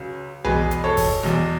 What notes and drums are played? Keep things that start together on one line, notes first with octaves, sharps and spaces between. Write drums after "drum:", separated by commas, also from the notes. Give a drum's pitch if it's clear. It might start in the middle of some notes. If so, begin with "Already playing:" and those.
Already playing: C#2 C#3 F#3
E2 B2 G#3 G#4 B4, drum: tom B1
drum: hi-hat
A4 C#5
drum: kick, open hi-hat
E2 B2 G#3, drum: snare